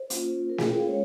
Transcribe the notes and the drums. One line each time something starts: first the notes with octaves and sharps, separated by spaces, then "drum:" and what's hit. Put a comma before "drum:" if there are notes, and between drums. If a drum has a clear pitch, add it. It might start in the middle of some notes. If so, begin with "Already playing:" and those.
Already playing: C5
A#3 C#4 F4, drum: hi-hat
A#4
G#4, drum: snare
G5
F5
G#3 C#4 C#5